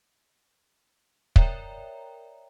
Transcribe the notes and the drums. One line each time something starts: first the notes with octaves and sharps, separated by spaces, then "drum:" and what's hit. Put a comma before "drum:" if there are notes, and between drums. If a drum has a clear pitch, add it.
A#4 C#5 D5 E5 G5 A#5, drum: kick